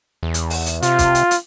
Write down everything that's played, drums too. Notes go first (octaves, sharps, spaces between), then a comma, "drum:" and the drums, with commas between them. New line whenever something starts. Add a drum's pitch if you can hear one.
E2
drum: hi-hat
drum: open hi-hat
drum: hi-hat
C3 F4, drum: hi-hat
drum: kick, hi-hat
drum: hi-hat
drum: hi-hat